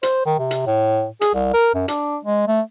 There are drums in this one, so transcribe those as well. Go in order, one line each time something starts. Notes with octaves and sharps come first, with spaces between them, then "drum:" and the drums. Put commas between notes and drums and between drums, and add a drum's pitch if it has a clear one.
C5, drum: hi-hat
D#3
C3
drum: hi-hat
A2
G#4, drum: hi-hat
C2
A#4
F#2
D4, drum: hi-hat
G#3
A3